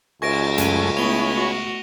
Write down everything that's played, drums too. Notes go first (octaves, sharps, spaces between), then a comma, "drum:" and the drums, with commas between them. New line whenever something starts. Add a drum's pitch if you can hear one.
C#2 G#5 C#6 A#6 D7, drum: cymbal
F#2 A3 C#4 G#5 A#6 D#7, drum: hi-hat
A3 B3 E4 C#5 G#5 B5 F7 G7
F#4 C#6